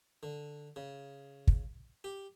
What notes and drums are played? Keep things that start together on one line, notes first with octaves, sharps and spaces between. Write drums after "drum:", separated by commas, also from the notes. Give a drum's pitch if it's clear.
D3
C#3
drum: kick
G4